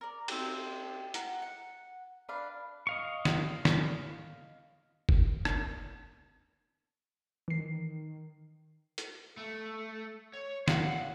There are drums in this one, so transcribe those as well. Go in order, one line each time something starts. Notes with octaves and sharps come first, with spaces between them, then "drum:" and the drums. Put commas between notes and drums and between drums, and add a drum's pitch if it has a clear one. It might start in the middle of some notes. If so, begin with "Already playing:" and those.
A#4 D5
C4 G4, drum: cymbal
F#5 A#5, drum: hi-hat
F#5
D4 B4 D5 F5
D#5 F5 C#6
drum: snare
drum: snare
drum: kick
drum: rim click
D#3 E3 C7
drum: hi-hat
A3
C#5
F5 F#5, drum: snare